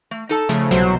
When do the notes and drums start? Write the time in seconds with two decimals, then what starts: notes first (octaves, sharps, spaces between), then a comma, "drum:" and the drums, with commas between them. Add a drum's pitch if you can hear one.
0.11 A3
0.29 D#4 A4 A5
0.49 C#3 F3 A3, drum: hi-hat
0.71 C2 B2 F#3 C5, drum: hi-hat